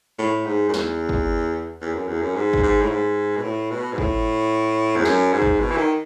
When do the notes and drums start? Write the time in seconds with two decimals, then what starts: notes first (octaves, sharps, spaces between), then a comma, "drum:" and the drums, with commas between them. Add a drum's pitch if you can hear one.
0.19 A2
0.46 G#2
0.69 F#2
0.74 E2, drum: snare
1.09 drum: kick G1
1.82 E2
1.94 F#2
2.08 E2
2.22 F#2
2.35 G#2
2.53 drum: kick G1
2.63 G#2
2.82 A2
2.90 G#2
3.37 B2
3.43 A2
3.70 B2
3.93 G#2
3.98 A2, drum: kick G1
4.97 E2
5.05 F#2, drum: snare
5.33 G#2
5.42 drum: kick G1
5.60 B2
5.71 E3
5.77 D#3